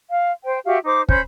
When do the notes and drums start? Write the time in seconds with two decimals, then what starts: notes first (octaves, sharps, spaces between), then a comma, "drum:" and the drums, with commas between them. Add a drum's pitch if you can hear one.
0.09 F5
0.44 C5 G5
0.65 F#4 G4 E5 F5
0.85 D#4 C5 D6
1.09 C#4 C5 B5 G6, drum: kick